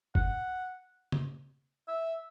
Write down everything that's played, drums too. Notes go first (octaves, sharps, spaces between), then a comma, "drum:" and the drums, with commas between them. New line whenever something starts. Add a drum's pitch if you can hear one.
F#5, drum: kick F#1
drum: tom
E5